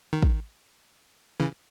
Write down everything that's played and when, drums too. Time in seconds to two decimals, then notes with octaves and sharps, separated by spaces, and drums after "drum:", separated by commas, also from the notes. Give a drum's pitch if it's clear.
0.13 D#3
0.23 drum: kick
1.40 C#3 E3